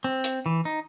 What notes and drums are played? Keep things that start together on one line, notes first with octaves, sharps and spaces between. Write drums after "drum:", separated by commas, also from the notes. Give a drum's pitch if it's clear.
C4
drum: hi-hat
E3
D#4